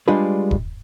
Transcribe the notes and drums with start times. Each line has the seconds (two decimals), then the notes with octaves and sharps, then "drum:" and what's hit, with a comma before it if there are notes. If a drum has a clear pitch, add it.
0.08 G3 G#3 D4 F4 G#4 B4
0.51 drum: kick